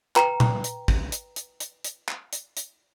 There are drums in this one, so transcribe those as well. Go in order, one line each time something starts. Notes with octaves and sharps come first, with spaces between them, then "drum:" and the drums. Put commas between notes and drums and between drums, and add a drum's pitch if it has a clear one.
B4 G5 A#5, drum: clap
drum: tom A#2
drum: hi-hat
drum: kick G#1
drum: hi-hat
drum: hi-hat
drum: hi-hat
drum: hi-hat
drum: clap
drum: hi-hat
drum: hi-hat